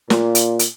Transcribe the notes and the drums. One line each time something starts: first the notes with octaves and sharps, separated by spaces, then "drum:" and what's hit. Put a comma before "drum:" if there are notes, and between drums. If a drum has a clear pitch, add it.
A#2, drum: snare
drum: hi-hat
drum: hi-hat